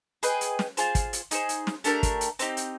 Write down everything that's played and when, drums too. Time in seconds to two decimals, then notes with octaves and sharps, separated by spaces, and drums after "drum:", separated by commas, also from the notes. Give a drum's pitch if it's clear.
0.23 G#4 B4 D#5 G5, drum: hi-hat
0.41 drum: hi-hat
0.59 drum: snare
0.77 F4 G#4 C5, drum: hi-hat
0.95 drum: kick, hi-hat
1.13 drum: hi-hat
1.31 D#4 G#4 C5, drum: hi-hat
1.49 drum: hi-hat
1.67 drum: snare
1.84 A3 D4 G4 A#4, drum: hi-hat
2.03 drum: kick, hi-hat
2.21 drum: hi-hat
2.39 C4 D#4 G4, drum: hi-hat
2.57 drum: hi-hat